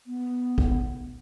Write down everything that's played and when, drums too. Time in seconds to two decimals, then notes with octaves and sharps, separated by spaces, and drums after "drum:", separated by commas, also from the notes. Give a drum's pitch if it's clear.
0.07 B3
0.58 drum: kick